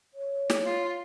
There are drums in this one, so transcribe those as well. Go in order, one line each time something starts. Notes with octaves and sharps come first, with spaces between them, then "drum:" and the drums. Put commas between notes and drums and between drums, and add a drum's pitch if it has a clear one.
C#5
drum: snare
F4